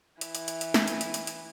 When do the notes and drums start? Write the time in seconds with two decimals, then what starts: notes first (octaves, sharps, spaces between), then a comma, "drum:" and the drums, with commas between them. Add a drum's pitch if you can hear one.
0.21 E3, drum: hi-hat
0.35 drum: hi-hat
0.48 drum: hi-hat
0.61 drum: hi-hat
0.74 drum: snare
0.88 drum: hi-hat
1.01 drum: hi-hat
1.14 drum: hi-hat
1.27 drum: hi-hat